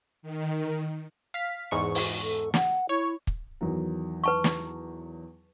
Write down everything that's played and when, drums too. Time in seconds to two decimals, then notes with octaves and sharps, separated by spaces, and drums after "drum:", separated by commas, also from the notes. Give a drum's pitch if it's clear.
0.22 D#3
1.34 F5 B6
1.71 E2 G#2 C#6
1.95 drum: open hi-hat
2.22 A4
2.54 F#5, drum: snare
2.89 E4 C#5
3.27 drum: kick
3.61 E2 D#3 F#3
4.24 B4 A5 C#6
4.44 drum: snare